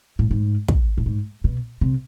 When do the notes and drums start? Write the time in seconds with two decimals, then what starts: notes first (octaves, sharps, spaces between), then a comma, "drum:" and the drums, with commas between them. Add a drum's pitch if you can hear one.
0.19 A2
0.31 G#2
0.68 drum: kick
0.98 A2
1.06 G#2
1.44 B2
1.81 C3